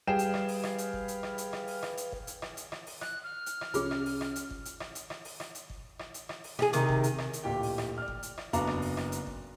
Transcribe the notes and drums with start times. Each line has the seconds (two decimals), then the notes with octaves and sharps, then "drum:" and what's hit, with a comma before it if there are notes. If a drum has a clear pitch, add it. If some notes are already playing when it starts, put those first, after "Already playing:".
0.07 G3 G#4 B4 F5 G5 E7
0.19 drum: hi-hat
0.34 drum: rim click
0.49 drum: open hi-hat
0.63 drum: rim click
0.78 drum: hi-hat
0.93 drum: kick G1
1.08 drum: hi-hat
1.23 drum: rim click
1.38 drum: hi-hat
1.53 drum: rim click
1.68 drum: open hi-hat
1.83 drum: rim click
1.97 drum: hi-hat
2.12 drum: kick G1
2.27 drum: hi-hat
2.42 drum: rim click
2.57 drum: hi-hat
2.72 drum: rim click
2.87 drum: open hi-hat
3.01 F#6, drum: rim click
3.24 F6
3.46 drum: hi-hat
3.61 drum: rim click
3.74 C2 C#4 F4 G#4, drum: hi-hat
3.91 drum: rim click
4.06 drum: open hi-hat
4.21 drum: rim click
4.36 drum: hi-hat
4.50 drum: kick G1
4.65 drum: hi-hat
4.80 drum: rim click
4.95 drum: hi-hat
5.10 drum: rim click
5.25 drum: open hi-hat
5.40 drum: rim click
5.55 drum: hi-hat
5.70 drum: kick G1
5.99 drum: rim click
6.14 drum: hi-hat
6.29 drum: rim click
6.44 drum: open hi-hat
6.59 G4 G#4, drum: rim click
6.73 C3 D#3, drum: hi-hat
6.89 drum: kick G1
7.04 drum: hi-hat
7.18 drum: rim click
7.33 drum: hi-hat
7.44 D1 A#2 G4 G5
7.63 drum: open hi-hat
7.78 drum: rim click
7.98 D5 F6
8.08 drum: kick G1
8.23 drum: hi-hat
8.38 drum: rim click
8.53 F#1 B3 D4 F#4 F5 A#5, drum: hi-hat
8.67 drum: rim click
8.82 drum: open hi-hat
8.97 drum: rim click
9.12 drum: hi-hat
9.27 drum: kick G1